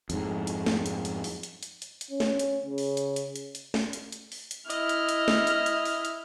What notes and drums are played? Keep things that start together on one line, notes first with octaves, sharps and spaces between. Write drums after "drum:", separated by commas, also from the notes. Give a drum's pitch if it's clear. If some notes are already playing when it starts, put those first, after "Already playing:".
F2 G#2, drum: hi-hat
drum: hi-hat
drum: snare
drum: hi-hat
drum: hi-hat
drum: open hi-hat
drum: hi-hat
drum: hi-hat
drum: hi-hat
drum: hi-hat
C#4
drum: snare
drum: hi-hat
C#3
drum: open hi-hat
drum: hi-hat
drum: hi-hat
drum: hi-hat
drum: hi-hat
drum: snare
drum: hi-hat
drum: hi-hat
drum: open hi-hat
drum: hi-hat
E4 D#5 F6, drum: hi-hat
drum: hi-hat
drum: hi-hat
drum: snare
drum: hi-hat
drum: hi-hat
drum: open hi-hat
drum: hi-hat